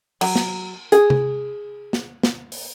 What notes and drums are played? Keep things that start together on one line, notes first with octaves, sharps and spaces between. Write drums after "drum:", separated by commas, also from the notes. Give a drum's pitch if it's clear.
F#3, drum: cymbal
drum: snare
G#4, drum: hi-hat
drum: tom C3
drum: snare
drum: snare
drum: open hi-hat